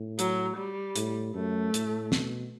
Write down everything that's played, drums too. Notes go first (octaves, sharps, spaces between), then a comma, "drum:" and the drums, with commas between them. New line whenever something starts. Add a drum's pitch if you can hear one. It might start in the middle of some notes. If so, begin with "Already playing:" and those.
Already playing: A2
F#3, drum: hi-hat
G3
A2, drum: hi-hat
F#2 A3
A2, drum: hi-hat
B2, drum: snare